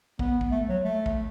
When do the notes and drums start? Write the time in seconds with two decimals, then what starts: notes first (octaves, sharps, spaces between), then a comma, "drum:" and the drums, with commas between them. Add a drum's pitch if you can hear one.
0.19 B3, drum: kick
0.41 drum: kick
0.51 A3
0.69 F#3
0.84 A3
1.06 drum: kick